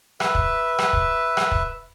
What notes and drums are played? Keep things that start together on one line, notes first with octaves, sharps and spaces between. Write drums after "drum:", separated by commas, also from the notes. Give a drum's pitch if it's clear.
B4 E5, drum: rim click
drum: kick
drum: rim click
drum: kick
drum: rim click
drum: kick